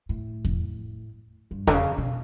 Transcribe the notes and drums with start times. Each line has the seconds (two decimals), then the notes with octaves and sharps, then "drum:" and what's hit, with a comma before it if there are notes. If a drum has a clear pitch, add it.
0.09 A2
0.45 drum: kick E2
1.51 G2
1.67 D3, drum: kick E2
1.73 C#3
1.98 B2